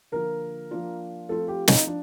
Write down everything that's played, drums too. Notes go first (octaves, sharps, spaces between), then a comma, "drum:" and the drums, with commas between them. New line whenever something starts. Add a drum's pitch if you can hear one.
D3 F3 A#3 F4 A#4
F3 A#3 D4 F4
F3 A3 C4 F4 A4
G4
D#4, drum: snare
F3 D4